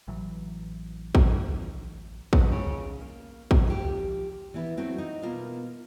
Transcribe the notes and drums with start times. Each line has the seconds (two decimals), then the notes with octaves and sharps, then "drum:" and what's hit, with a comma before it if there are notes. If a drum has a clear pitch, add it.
0.07 A1 A2 E3 F#3
1.15 drum: kick
2.33 drum: kick
2.51 C#3
3.01 A#3
3.51 drum: kick
3.67 F3 G4
4.54 E3 B3 E4 B4
4.77 F#3 A3 C4 F#4
4.98 D#4
5.22 B2 A#3 F4 F5